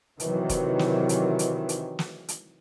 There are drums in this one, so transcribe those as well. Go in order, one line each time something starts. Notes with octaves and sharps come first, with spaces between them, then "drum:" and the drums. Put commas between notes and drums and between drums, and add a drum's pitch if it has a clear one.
C3 D#3 E3 F#3, drum: hi-hat
drum: kick F1, hi-hat
drum: snare
drum: hi-hat
drum: hi-hat
drum: hi-hat
drum: snare
drum: hi-hat